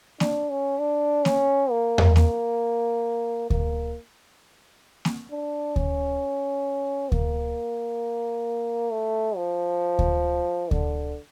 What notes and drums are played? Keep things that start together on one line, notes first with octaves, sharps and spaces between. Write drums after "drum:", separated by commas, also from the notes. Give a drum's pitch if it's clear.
D4, drum: snare A#3
C#4
D4
C#4, drum: snare A#3
A#3
drum: tom E2
A#3, drum: snare A#3
A#3, drum: kick D2
drum: snare A#3
D4
C#4, drum: kick D2
A#3, drum: kick D2
A3
F3
drum: kick D2
D3, drum: kick D2